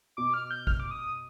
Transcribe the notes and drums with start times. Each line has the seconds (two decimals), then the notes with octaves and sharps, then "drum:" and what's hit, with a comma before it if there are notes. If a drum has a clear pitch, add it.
0.17 B2 D6
0.34 F6
0.51 G6
0.67 F6, drum: kick G#1
0.80 D6
0.91 D#6